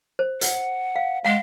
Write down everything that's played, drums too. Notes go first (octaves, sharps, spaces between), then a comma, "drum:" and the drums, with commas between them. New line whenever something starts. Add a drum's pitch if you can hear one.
C5
F#5, drum: hi-hat
F5
G#3 F5 F#5